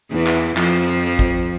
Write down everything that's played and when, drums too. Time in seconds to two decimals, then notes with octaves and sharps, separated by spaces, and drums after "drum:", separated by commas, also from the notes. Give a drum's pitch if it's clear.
0.11 E2 E3
0.27 drum: clap
0.57 F2 F3, drum: clap
1.19 drum: kick